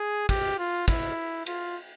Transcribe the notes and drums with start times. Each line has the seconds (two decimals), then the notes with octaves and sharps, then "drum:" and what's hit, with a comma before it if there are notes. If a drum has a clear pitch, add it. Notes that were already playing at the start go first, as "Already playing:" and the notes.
Already playing: G#4
0.29 G4, drum: kick, cymbal
0.58 F4
0.88 E4, drum: kick, cymbal
1.46 F4, drum: cymbal